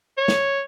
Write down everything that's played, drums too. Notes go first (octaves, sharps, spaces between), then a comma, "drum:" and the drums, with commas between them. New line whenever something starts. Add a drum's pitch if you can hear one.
C#5
drum: snare